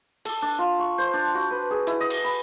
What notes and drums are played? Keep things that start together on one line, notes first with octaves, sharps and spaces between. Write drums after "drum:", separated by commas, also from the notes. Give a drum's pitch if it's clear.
A4, drum: open hi-hat
D4
F4
C#6
C5
D4
F#4
B4
G#4
E4, drum: hi-hat
D#5
drum: open hi-hat
B5